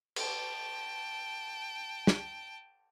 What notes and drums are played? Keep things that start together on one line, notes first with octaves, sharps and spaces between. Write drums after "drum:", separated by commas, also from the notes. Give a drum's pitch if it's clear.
G5 A5, drum: cymbal
drum: snare